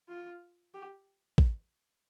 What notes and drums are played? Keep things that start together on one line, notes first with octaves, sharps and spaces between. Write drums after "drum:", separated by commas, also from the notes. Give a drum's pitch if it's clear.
F4
G4
drum: kick A1